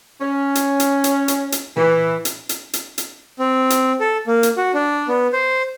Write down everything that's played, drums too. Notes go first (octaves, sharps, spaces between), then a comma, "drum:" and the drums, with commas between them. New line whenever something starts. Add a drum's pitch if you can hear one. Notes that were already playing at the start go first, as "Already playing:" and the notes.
C#4
drum: hi-hat
drum: hi-hat
drum: hi-hat
drum: hi-hat
drum: hi-hat
E3, drum: tom A#2
drum: hi-hat
drum: hi-hat
drum: hi-hat
drum: hi-hat
C4
drum: hi-hat
A4
A#3
drum: hi-hat
F#4
D4
B3
C5